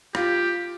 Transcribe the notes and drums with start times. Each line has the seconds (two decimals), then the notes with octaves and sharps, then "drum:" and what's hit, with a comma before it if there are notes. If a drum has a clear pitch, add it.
0.15 F4 G4, drum: rim click